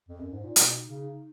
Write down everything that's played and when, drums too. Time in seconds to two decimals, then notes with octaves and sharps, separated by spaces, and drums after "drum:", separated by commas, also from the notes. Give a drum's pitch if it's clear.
0.09 F2
0.20 F#2
0.33 G#2 D#4
0.44 A#2
0.56 B2 D#4, drum: hi-hat
0.86 C#3